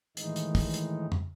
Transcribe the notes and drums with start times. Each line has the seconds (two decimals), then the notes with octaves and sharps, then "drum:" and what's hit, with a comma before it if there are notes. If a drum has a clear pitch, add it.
0.17 A2 D#3 E3 G#3 D#4, drum: hi-hat
0.36 drum: hi-hat
0.55 drum: kick, open hi-hat
0.74 drum: hi-hat
1.12 drum: tom F2